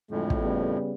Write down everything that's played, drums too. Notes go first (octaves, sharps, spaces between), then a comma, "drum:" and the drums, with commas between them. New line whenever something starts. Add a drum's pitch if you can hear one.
F2 A2 D3 F#3 G#3
drum: kick
C#3 G3 B3